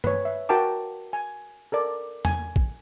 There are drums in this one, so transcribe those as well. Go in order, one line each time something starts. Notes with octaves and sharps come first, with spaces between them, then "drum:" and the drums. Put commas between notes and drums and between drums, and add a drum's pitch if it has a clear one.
B4 C#5, drum: tom G2
E5
F#4 A#4 G5 A5 D6
G#5
A4 A#4 D5
G#5, drum: tom E2
drum: kick A#1